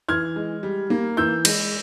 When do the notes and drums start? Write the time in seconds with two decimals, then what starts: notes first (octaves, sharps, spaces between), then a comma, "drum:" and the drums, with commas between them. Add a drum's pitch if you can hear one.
0.09 E3 F6 G#6
0.36 G#3
0.63 G3
0.90 A#3
1.17 E3 E6 G6
1.45 G#3, drum: cymbal